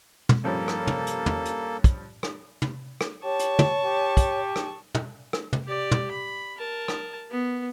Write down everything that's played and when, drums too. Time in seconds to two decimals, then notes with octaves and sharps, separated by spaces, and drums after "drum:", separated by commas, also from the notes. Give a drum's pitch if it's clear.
0.29 drum: tom
0.44 G2 F3 A#3 C#4 A4
0.68 drum: rim click
0.87 drum: tom
1.07 drum: hi-hat
1.26 drum: tom
1.46 drum: hi-hat
1.84 drum: kick, hi-hat
2.23 drum: rim click
2.62 drum: tom
3.01 drum: rim click
3.24 G4 C#5 A5 C#6
3.39 drum: hi-hat
3.59 drum: tom
3.85 G4
4.17 drum: kick, hi-hat
4.56 drum: rim click
4.95 drum: tom
5.33 drum: rim click
5.53 drum: tom
5.64 G4 D5
5.91 drum: tom
6.11 B5
6.56 A#4 A5
6.88 drum: rim click
7.30 B3